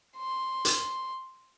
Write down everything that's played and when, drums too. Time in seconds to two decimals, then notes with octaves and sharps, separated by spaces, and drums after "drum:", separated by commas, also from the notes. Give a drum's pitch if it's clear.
0.17 C6
0.65 drum: hi-hat